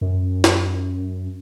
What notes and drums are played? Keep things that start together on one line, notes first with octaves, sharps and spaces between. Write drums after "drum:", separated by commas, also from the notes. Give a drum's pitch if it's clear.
F#2
drum: snare